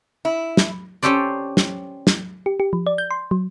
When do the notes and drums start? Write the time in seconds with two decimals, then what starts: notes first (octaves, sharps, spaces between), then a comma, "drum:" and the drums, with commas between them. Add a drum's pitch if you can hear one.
0.25 E4
0.57 drum: snare
1.03 C#4 G4 A4 C5 D5
1.57 drum: snare
2.07 drum: snare
2.46 G4
2.60 G4
2.73 F3
2.87 D5
2.98 G6
3.11 C6
3.31 F#3